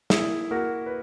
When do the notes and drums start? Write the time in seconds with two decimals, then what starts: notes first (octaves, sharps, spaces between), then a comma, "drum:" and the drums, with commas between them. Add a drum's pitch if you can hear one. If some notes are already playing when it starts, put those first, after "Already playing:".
0.10 A#3 E4 G#4, drum: snare
0.51 A#3 F#4 A#4
0.86 B4